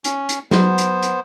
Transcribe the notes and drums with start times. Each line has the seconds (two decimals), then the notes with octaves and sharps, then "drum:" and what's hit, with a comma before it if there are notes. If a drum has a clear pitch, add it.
0.04 C#4, drum: hi-hat
0.29 drum: hi-hat
0.51 F#3 B3 C5, drum: snare
0.78 drum: hi-hat
1.02 drum: hi-hat